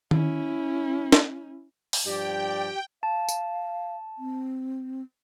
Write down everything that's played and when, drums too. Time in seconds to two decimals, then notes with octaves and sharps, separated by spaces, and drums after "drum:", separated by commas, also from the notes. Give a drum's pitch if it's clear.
0.11 C#4 E4, drum: tom D#3
1.12 drum: snare
1.93 drum: open hi-hat
2.06 G2 F3 G4 D5 G5
3.03 F5 A5
3.29 drum: tambourine
4.18 C4